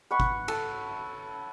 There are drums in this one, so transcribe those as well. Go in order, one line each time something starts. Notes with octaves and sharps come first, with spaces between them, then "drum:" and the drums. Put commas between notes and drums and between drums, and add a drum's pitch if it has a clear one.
B4 F#5 C#6
drum: kick G1
A4, drum: cymbal